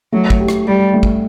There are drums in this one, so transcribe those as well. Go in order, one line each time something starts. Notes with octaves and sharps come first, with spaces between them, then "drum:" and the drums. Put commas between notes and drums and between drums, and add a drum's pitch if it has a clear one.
F#3 A3
drum: kick
G4
drum: rim click
G3 G4
A3
drum: kick